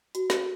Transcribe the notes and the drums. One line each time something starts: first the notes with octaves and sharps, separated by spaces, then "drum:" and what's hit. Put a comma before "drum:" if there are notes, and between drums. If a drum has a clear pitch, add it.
F#4, drum: hi-hat
drum: snare